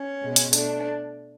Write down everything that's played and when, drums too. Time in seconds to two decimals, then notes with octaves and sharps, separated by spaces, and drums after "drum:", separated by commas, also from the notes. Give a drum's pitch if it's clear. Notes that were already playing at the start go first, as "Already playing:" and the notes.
Already playing: C#4
0.22 B2 G#3
0.36 drum: hi-hat
0.53 A3 D4, drum: hi-hat